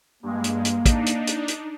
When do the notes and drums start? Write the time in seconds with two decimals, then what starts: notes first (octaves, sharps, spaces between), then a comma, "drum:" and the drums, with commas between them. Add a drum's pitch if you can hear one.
0.23 G2 G#3 A#3
0.44 drum: hi-hat
0.65 drum: hi-hat
0.86 D4 D#4, drum: kick, hi-hat
1.06 drum: hi-hat
1.27 drum: hi-hat
1.48 drum: hi-hat